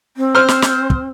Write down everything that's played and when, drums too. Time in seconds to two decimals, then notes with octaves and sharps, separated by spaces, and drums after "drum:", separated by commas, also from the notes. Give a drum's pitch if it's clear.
0.17 C4
0.35 C5 F6
0.48 drum: snare
0.62 drum: snare
0.90 drum: kick